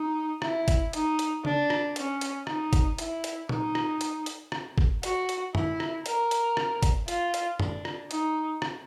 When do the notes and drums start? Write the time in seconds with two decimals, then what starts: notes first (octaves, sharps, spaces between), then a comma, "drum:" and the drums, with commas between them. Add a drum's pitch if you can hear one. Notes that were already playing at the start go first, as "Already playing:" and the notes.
Already playing: D#4
0.42 E4, drum: rim click
0.68 drum: kick G1, hi-hat
0.93 D#4, drum: hi-hat
1.19 drum: hi-hat
1.45 D4, drum: tom C#3
1.70 drum: rim click
1.96 C#4, drum: hi-hat
2.21 drum: hi-hat
2.47 D#4, drum: rim click
2.73 drum: kick G1, hi-hat
2.98 E4, drum: hi-hat
3.24 drum: hi-hat
3.49 D#4, drum: tom A#2
3.75 drum: rim click
4.01 drum: hi-hat
4.26 drum: hi-hat
4.52 drum: rim click
4.78 drum: kick G1
5.03 F#4, drum: hi-hat
5.29 drum: hi-hat
5.55 E4, drum: tom F#2
5.80 drum: rim click
6.06 A#4, drum: hi-hat
6.31 drum: hi-hat
6.57 drum: rim click
6.83 drum: kick G1, hi-hat
7.08 F4, drum: hi-hat
7.34 drum: hi-hat
7.60 D4, drum: tom F#2
7.85 drum: rim click
8.11 D#4, drum: hi-hat
8.62 drum: rim click